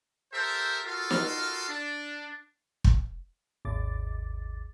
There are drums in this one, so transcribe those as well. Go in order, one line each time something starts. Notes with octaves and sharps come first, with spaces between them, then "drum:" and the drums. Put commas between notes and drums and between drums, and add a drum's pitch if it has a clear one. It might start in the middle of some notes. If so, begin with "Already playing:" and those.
G4 A4 A#4 C5 E5
F4 F#4 A4 A#4 F5
drum: snare
D4
drum: kick
G#1 D#2 D6 A6